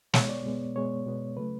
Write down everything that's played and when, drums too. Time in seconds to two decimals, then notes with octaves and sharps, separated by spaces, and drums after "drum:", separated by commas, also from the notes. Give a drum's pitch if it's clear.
0.14 B2 G#3 B3 C#5, drum: snare
0.29 D5
0.44 B2 G#3 B3
0.76 B2 G#3 B3 C#5
1.06 B2 G#3 B3
1.37 C#3 F#3 A3 B4